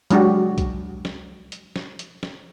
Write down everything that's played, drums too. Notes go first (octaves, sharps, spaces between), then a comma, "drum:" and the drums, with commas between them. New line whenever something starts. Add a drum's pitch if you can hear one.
F#3 G#3 D4 F#4 G4, drum: hi-hat
drum: kick, hi-hat
drum: snare
drum: hi-hat
drum: snare
drum: hi-hat
drum: snare